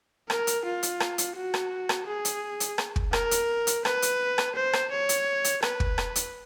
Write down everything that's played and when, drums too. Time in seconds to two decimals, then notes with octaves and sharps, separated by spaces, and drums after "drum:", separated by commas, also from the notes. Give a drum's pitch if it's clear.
0.30 A#4, drum: rim click
0.47 drum: hi-hat
0.65 F4
0.83 drum: hi-hat
1.00 drum: rim click
1.18 drum: hi-hat
1.36 F#4
1.54 drum: rim click
1.89 drum: rim click
2.07 G#4
2.25 drum: hi-hat
2.60 drum: hi-hat
2.78 drum: rim click
2.96 drum: kick
3.13 A#4, drum: rim click
3.31 drum: hi-hat
3.67 drum: hi-hat
3.85 B4, drum: rim click
4.02 drum: hi-hat
4.38 drum: rim click
4.56 C5
4.73 drum: rim click
4.91 C#5
5.09 drum: hi-hat
5.44 drum: hi-hat
5.63 B4, drum: rim click
5.80 drum: kick
5.98 drum: rim click
6.16 drum: hi-hat